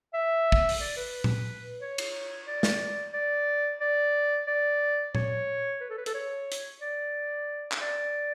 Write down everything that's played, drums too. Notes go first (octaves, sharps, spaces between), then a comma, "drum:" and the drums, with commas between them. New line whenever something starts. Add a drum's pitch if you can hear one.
E5
drum: kick
drum: open hi-hat
D5
B4
drum: tom A#2
C#5
drum: cymbal
D5
drum: snare
D5
D5
D5
C#5, drum: tom A#2
B4
A4
B4
A4, drum: hi-hat
C#5
drum: hi-hat
D5
drum: clap
D5